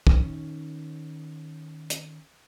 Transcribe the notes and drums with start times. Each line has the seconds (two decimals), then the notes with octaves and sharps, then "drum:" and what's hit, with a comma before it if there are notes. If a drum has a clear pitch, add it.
0.07 D#3 C#4, drum: kick
1.90 drum: hi-hat